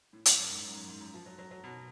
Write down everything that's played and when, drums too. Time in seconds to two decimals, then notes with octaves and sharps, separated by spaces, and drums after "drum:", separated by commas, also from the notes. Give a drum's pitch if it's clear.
0.13 A2
0.26 F#2, drum: hi-hat
0.38 F#2
0.51 G#2
0.63 F#2
0.70 G#2
0.76 F#2
0.88 G#2
1.01 F#2
1.14 F3
1.26 F#3
1.38 F#3
1.51 F#3
1.64 B2